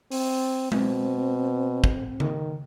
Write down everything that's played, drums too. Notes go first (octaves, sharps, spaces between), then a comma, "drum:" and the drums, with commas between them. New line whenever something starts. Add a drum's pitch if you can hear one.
C4, drum: open hi-hat
B2 C4, drum: tom G#3
drum: kick
D#3, drum: tom C#3